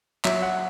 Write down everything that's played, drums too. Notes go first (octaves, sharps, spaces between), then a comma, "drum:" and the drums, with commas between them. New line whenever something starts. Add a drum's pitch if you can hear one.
F#3 E5, drum: clap
F#5